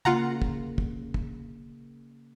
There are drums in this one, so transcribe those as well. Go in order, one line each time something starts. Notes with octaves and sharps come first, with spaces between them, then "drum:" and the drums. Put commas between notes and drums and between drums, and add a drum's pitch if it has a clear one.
C#3 A#3 F4 F#5 A#5
drum: kick
drum: kick
drum: kick